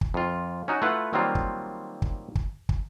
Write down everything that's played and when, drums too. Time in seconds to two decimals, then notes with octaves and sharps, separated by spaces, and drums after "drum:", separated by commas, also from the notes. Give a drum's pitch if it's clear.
0.01 drum: kick
0.14 F2 F4
0.68 C#4 D#4 F#4
0.82 A3 E4 F4 B4 F#5
1.13 D#3 F#3 G3 A#3 C4 F4
1.35 drum: kick
2.02 drum: kick
2.35 drum: kick
2.69 drum: kick